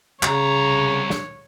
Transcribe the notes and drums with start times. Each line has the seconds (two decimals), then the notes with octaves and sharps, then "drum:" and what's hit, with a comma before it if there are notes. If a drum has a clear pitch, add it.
0.23 C2 C#3 C#5 A#5, drum: clap
1.10 drum: snare